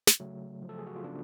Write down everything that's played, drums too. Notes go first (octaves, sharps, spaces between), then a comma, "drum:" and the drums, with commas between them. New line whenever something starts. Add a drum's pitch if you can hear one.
drum: snare
C#3 F#3 A3
F3
A4
G#4
F#4
F4
C#3 B3 D4